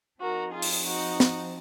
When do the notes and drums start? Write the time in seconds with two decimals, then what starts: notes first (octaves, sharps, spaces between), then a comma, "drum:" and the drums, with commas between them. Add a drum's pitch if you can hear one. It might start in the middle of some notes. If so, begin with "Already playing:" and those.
0.20 F3 C4 D#4 F#4 A#4
0.52 F4 G#4
0.62 drum: open hi-hat
0.84 D#4 F#4
1.20 drum: snare